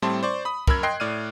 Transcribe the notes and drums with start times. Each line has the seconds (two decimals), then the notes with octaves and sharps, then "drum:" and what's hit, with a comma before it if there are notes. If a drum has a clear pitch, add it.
0.02 A2 G3 C4 E4 A5 C6
0.23 C5 D5 C#6
0.45 B5 D#6
0.67 F#2 A#4 B5 E6 G#6, drum: kick
0.83 D#5 G5 C6 F#6 C7
1.00 A2 D5 F6 D#7